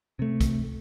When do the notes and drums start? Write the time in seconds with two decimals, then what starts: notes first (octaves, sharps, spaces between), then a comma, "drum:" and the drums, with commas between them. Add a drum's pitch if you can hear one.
0.19 C3 A3
0.41 drum: kick, hi-hat